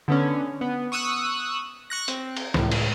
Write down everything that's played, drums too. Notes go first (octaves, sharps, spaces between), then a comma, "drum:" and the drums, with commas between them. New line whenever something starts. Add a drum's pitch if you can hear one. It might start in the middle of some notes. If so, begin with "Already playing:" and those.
D3 B3 C#4
B3
C#6 D#6 E6 F#6
C#6 F#6 A#6
C4, drum: hi-hat
drum: cymbal
C#2 A2, drum: snare
drum: cymbal